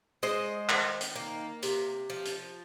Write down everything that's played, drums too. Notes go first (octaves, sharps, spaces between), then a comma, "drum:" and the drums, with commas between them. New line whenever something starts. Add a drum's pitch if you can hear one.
G#3 C5 D#5
D#3, drum: clap
drum: hi-hat
A#3
C3, drum: hi-hat
F3
drum: hi-hat